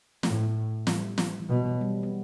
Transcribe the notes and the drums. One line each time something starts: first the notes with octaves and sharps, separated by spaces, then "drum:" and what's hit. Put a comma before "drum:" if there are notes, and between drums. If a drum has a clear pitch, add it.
A2 A3, drum: snare
G3, drum: snare
drum: snare
E3
B2 F#3
G3
B3